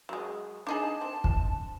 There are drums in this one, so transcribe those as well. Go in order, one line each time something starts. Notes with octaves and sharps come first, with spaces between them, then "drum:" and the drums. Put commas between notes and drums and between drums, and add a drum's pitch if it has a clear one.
F#3 G#3
D4 D#4 G#4 A5
C4
drum: kick